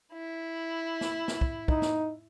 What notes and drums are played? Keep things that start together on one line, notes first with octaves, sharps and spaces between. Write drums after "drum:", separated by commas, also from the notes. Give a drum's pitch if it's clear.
E4
drum: snare
drum: snare
drum: kick
D#4, drum: kick
drum: snare